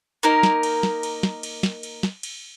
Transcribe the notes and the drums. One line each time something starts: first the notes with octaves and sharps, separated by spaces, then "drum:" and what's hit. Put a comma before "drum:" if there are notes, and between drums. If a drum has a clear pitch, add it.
A#3 D#4 A#4
drum: snare
drum: cymbal
drum: snare
drum: cymbal
drum: snare
drum: cymbal
drum: snare
drum: cymbal
drum: snare
drum: cymbal